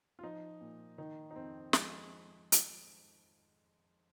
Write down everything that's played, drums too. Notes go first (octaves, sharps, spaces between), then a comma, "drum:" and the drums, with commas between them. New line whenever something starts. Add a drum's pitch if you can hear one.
F4
F3 D#4
A#2
D#3 D#4
D#4
F2 C4
F3 G#3, drum: snare
drum: hi-hat